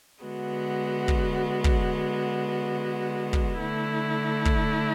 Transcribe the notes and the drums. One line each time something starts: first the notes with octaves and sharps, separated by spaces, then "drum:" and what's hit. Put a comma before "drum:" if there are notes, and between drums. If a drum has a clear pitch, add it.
D3 G#3 B3 F#4
drum: kick
drum: kick
drum: kick
D3 A3 E4
drum: kick